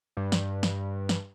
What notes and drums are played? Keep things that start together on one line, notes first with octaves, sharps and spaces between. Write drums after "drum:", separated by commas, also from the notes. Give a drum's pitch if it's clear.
G2
drum: snare
drum: snare
drum: snare